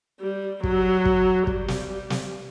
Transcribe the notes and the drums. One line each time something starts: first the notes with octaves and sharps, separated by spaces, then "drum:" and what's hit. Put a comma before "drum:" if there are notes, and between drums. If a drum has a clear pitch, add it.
G3
F#3, drum: kick
drum: kick
G3, drum: kick
drum: snare
drum: snare